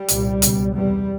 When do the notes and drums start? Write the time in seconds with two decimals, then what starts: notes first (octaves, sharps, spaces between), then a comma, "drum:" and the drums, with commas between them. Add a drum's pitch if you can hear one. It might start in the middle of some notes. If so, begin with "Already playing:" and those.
Already playing: G3
0.08 C2 A#2, drum: hi-hat
0.42 C#2 B2, drum: hi-hat
0.75 E2 C3 G3